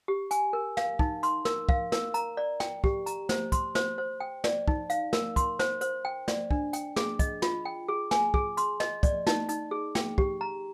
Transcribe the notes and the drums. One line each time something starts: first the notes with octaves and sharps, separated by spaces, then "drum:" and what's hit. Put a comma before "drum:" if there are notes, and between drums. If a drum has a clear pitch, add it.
G4
G#5, drum: hi-hat
A#4
F5, drum: snare
D#4, drum: kick
C6, drum: hi-hat
A#4, drum: snare
F5, drum: kick
A#4, drum: snare
A#5, drum: hi-hat
D5
G5, drum: snare
G4, drum: kick
A#5, drum: hi-hat
C5, drum: snare
C6, drum: kick, hi-hat
C5, drum: snare
C5
G5
D5, drum: snare
D#4, drum: kick
F5, drum: hi-hat
A#4, drum: snare
C6, drum: kick, hi-hat
C5, drum: snare
C5, drum: hi-hat
G5
D5, drum: snare
D4, drum: kick
G5, drum: hi-hat
G#4, drum: snare
D#5, drum: kick, hi-hat
F4, drum: snare
G5
G#4
G#5, drum: snare
G#4, drum: kick
C6, drum: hi-hat
D#5, drum: snare
D5, drum: kick, hi-hat
D#4, drum: snare
D#4, drum: hi-hat
G#4
G5, drum: snare
G4, drum: kick
A#5